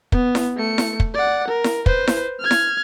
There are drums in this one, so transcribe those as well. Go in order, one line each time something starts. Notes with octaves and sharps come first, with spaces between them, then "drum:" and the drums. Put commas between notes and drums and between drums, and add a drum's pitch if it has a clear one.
B3, drum: kick
drum: snare E4
A3 C#7
drum: snare E4
drum: kick
D5 F#5
A#4
drum: snare E4
B4 C5, drum: kick
drum: snare E4
F6 G#6
drum: snare E4